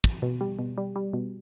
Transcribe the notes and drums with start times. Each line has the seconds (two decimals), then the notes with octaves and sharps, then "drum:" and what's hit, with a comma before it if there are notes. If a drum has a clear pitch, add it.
0.04 drum: kick
0.22 B2
0.41 G3
0.59 B2
0.78 G3
0.96 G3
1.13 B2